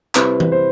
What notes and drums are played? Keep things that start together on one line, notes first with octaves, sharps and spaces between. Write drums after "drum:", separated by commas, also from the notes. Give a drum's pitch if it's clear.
C3 G3 C4 E4 B4, drum: clap
drum: tom E3
C5